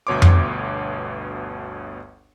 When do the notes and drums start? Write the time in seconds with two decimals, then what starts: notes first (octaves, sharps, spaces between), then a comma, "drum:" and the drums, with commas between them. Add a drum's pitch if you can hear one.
0.07 G1 D2 B2 C#5 C6 D6
0.22 drum: tom F2